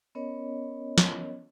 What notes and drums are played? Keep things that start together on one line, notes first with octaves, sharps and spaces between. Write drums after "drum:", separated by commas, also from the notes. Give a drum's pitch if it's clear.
B3 C#4 A#4 C#5 D#5
drum: snare